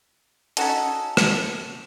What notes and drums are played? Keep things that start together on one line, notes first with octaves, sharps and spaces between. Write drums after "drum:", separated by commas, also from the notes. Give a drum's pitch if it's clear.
C#4 D#4 F#4 A4, drum: hi-hat
drum: rim click